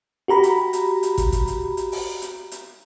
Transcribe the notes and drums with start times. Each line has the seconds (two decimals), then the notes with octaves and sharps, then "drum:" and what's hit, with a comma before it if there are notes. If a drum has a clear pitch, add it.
0.28 F#4 G4 A#5 B5
0.43 drum: hi-hat
0.73 drum: hi-hat
1.03 drum: hi-hat
1.18 drum: kick, hi-hat
1.32 drum: kick, hi-hat
1.47 drum: hi-hat
1.77 drum: hi-hat
1.92 drum: open hi-hat
2.22 drum: hi-hat
2.51 drum: hi-hat